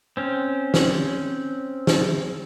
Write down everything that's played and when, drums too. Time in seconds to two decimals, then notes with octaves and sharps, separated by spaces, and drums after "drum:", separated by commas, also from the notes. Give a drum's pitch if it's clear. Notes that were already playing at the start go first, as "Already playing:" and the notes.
0.17 C4 C#4
0.74 drum: snare
1.87 drum: snare